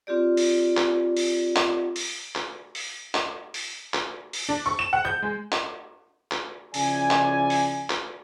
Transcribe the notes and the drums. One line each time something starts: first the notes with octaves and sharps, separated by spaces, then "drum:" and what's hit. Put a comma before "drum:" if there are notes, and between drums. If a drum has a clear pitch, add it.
C4 F4 G4 D5
drum: open hi-hat
drum: clap
drum: open hi-hat
drum: clap
drum: open hi-hat
drum: clap
drum: open hi-hat
drum: clap
drum: open hi-hat
drum: clap
drum: open hi-hat
D4
C#6
E7
F#5
G6
G#3
drum: clap
drum: clap
C#3 F3 E4 D5 G#5, drum: open hi-hat
drum: clap
drum: open hi-hat
drum: clap